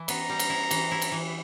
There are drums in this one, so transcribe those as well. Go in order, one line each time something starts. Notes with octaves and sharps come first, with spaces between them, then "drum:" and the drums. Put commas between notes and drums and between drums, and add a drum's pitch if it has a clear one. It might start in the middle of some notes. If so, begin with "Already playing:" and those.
Already playing: E3 E4
B3 A#5, drum: cymbal
G3
drum: cymbal
E4
E3, drum: cymbal
E4
drum: cymbal
E3